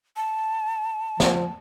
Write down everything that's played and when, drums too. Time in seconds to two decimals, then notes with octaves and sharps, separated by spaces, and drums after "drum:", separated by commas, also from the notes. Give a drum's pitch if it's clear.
0.16 A5
1.20 F3, drum: snare